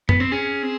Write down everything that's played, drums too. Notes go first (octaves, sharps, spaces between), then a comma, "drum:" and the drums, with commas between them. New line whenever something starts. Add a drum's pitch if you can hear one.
B3, drum: tom
C4
C#4 G#4
C4